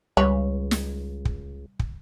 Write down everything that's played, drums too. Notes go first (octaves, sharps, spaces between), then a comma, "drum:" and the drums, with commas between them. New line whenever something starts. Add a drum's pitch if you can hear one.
C#2 G3 B4 C#5
drum: snare
drum: kick
drum: kick